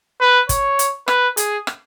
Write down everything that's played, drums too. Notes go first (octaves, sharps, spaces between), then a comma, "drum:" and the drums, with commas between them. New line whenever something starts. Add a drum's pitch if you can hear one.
B4
C#5, drum: kick, hi-hat
drum: hi-hat
B4, drum: rim click
G#4, drum: hi-hat
drum: rim click